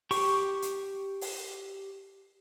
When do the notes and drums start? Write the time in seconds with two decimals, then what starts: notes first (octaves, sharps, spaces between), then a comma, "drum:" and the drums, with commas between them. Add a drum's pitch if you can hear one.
0.11 G4 C#6, drum: open hi-hat
0.62 drum: hi-hat
1.21 drum: open hi-hat